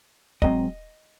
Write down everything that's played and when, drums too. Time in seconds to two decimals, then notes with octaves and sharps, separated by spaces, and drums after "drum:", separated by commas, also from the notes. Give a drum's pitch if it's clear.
0.42 G#2 F#3 C4 D#5, drum: kick